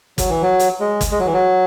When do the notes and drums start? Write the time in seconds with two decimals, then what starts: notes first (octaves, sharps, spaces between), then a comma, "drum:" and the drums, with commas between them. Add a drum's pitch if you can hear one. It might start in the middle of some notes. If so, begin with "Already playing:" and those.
0.18 F#3, drum: kick, hi-hat
0.30 E3
0.42 F#3
0.59 drum: hi-hat
0.80 G#3
1.01 drum: kick, hi-hat
1.11 G#3
1.19 F#3
1.26 E3
1.33 F#3